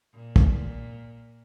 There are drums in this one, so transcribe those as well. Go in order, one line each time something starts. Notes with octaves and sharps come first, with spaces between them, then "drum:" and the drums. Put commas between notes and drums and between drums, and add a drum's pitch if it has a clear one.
A#2
drum: kick